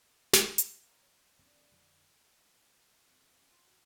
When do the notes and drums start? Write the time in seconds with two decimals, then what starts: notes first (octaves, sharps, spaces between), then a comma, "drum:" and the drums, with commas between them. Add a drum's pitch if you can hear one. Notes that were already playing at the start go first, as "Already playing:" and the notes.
0.33 drum: snare
0.58 drum: hi-hat
0.85 F4 A4 A#4
1.02 F#3
1.39 D#2 B3 C#4 D4
1.71 F2 D3
3.06 F2
3.38 C#4
3.50 F4
3.65 F#4